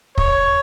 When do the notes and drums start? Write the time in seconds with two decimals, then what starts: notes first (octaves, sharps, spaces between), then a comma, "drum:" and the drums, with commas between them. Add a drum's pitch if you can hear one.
0.18 C#5, drum: kick